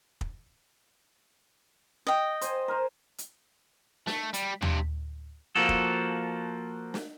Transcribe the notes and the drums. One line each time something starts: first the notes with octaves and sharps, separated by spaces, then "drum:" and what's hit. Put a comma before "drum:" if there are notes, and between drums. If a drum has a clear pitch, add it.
drum: kick
D#5 G5
C5 G#5, drum: hi-hat
A#4 C5
drum: hi-hat
A3, drum: snare
G3, drum: hi-hat
G2 C3, drum: tom
F3 A#3 F#4 A4
drum: kick
drum: snare